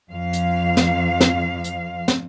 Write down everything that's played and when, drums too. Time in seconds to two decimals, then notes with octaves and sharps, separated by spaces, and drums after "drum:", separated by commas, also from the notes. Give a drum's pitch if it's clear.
0.11 F2 F5
0.33 drum: hi-hat
0.77 drum: snare
1.21 drum: snare
1.64 drum: hi-hat
2.08 drum: snare